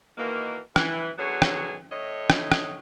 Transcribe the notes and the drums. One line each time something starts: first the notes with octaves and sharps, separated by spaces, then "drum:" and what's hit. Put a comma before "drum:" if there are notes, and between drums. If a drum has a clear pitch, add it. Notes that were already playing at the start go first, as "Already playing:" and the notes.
B2 D#3 E3 A#3
E3, drum: rim click
D3 F#3 B3 F#4 G#4 C#5
drum: rim click
A2 C#5 D#5
drum: rim click
drum: rim click